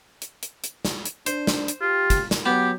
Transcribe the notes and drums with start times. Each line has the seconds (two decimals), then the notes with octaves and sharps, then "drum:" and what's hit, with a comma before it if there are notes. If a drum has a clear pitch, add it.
0.22 drum: hi-hat
0.43 drum: hi-hat
0.64 drum: hi-hat
0.85 drum: snare
1.06 drum: hi-hat
1.26 D4 C5, drum: hi-hat
1.47 drum: snare
1.68 drum: hi-hat
1.82 F4 G4
2.10 drum: kick, hi-hat
2.31 drum: snare
2.46 F#3 B3 G4